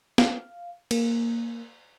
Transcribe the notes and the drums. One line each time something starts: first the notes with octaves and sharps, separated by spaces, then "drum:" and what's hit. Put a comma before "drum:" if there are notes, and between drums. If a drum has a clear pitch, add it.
F5, drum: snare
A#3, drum: cymbal